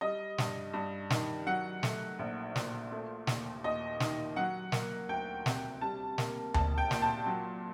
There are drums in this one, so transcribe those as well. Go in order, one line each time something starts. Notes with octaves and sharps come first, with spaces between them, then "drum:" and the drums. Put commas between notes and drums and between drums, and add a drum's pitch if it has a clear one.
G3 D#5
G2, drum: snare
G2
D#3, drum: snare
F#3 F#5
A3, drum: snare
A#1
A#2, drum: snare
A3
D#2, drum: snare
D#2 D#5
D#3, drum: snare
F#3 F#5
A#3, drum: snare
D2 G5
C3, drum: snare
G3 A5
A#3, drum: snare
A#1 A5, drum: tom D2
G5
A#2, drum: snare
A5
F#3